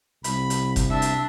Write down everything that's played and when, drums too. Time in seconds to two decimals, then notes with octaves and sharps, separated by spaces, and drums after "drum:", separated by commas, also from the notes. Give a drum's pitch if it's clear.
0.24 C2 B5, drum: hi-hat
0.50 drum: hi-hat
0.76 drum: kick F1, hi-hat
0.90 D4 E5
1.02 drum: hi-hat